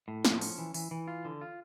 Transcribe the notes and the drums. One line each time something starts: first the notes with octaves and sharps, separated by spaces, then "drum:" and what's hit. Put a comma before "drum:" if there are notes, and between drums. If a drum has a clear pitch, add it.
A2
F3, drum: snare
C#4, drum: open hi-hat
E3
E3, drum: open hi-hat
E3
F4
D3
F4